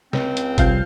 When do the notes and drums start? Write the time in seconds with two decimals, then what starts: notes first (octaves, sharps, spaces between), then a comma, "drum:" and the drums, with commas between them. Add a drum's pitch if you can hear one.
0.13 C#2 C4, drum: snare
0.37 drum: hi-hat
0.58 C2 F3 G3 F5 G6, drum: kick, hi-hat